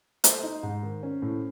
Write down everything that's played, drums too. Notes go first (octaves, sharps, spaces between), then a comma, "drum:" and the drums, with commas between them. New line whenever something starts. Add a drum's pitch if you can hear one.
A3 C5, drum: hi-hat
D#4
G#2
D#3
C#4
A2